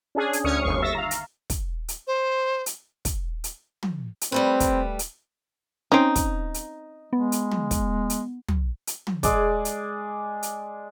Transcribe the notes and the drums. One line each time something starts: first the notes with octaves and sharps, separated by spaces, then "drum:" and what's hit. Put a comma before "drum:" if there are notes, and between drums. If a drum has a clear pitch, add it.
C#4 D4 G#4
drum: hi-hat
D2 C#4 C#6 D#6 F6 C#7
G1 D#2 C#6 C7
E5 E6 A6 A#6
F5 A#5
drum: hi-hat
drum: kick, hi-hat
drum: hi-hat
C5
drum: hi-hat
drum: kick, hi-hat
drum: hi-hat
drum: tom
drum: hi-hat
G3 A3 C4 B4
drum: kick, hi-hat
drum: hi-hat
C4 C#4 D#4
drum: kick, hi-hat
drum: hi-hat
G#3 B3
drum: hi-hat
drum: tom
drum: kick, hi-hat
drum: hi-hat
drum: tom
drum: hi-hat
drum: tom
G#3 D5, drum: kick, hi-hat
drum: hi-hat
drum: hi-hat